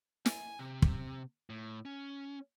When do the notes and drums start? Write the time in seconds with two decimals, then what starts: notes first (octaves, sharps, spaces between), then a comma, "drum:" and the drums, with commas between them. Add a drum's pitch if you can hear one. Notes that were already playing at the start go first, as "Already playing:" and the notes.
0.26 G#5, drum: snare
0.59 C3
0.82 drum: kick
1.50 A2
1.85 C#4